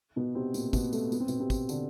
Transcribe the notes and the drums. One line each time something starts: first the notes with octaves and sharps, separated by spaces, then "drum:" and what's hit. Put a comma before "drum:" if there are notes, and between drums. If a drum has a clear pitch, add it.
B2 B3
C3 C4
A#2 A#3, drum: tambourine
B2 B3, drum: kick, tambourine
A3, drum: tambourine
B3, drum: tambourine
C4
B2 B3, drum: tambourine
C3 C4
drum: kick, tambourine
D3 D4, drum: tambourine